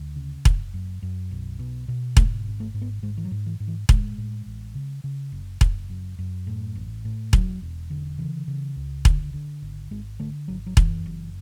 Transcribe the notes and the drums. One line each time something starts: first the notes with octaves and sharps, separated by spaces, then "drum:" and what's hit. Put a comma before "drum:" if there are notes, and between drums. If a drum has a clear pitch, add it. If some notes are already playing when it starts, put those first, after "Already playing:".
Already playing: D2
C#3
F#1, drum: kick E1
F#2
F#2
B1
B2
B2
G#2 A3, drum: kick E1
G#1
A3
G#2
B3
G#2 G#3
E3
F#3
G#2
E3
G#2
E3
A2 G#3, drum: kick E1
A2
A1
C#3
C#3
F#1
F#1, drum: kick E1
F#2
F#2
A2
A1
A2
E1 F#3, drum: kick E1
E1
D3
C#3 E3
C#3
C#2
D3, drum: kick E1
D3
G#1
G#1 G#3
D3 A3
G#1 F#3
F#3
F#2 E3, drum: kick E1
F#1